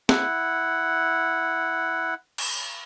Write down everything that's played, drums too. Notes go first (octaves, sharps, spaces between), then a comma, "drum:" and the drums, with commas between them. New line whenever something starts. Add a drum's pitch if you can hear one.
E4 F#5, drum: snare
drum: cymbal